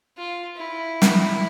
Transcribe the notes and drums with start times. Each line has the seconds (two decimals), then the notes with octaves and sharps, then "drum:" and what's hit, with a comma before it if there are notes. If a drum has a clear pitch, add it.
0.17 F4
0.57 E4
1.02 drum: snare